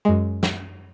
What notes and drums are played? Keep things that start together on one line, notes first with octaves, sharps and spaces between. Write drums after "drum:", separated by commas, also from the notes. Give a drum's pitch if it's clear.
F#2 G#3
drum: snare